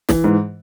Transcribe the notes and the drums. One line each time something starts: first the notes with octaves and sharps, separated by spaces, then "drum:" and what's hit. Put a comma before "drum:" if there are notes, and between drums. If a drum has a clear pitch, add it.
E3, drum: snare
G#2